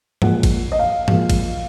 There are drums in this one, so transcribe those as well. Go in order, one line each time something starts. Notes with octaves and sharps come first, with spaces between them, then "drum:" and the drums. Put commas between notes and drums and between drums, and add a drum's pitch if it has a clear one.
A#2 F3 G#3 F#5, drum: tom G2
drum: kick G#1, cymbal
D#5
F5
A#2 F3 G#3, drum: tom G2
drum: kick G#1, cymbal